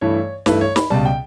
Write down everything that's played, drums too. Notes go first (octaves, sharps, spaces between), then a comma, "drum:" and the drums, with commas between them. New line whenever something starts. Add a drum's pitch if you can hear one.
G2 E3 A3 E4 C#5
G2 E3 A3 E4 B4, drum: snare
C#5
B5, drum: snare
C#2 B2 G3 A5
G5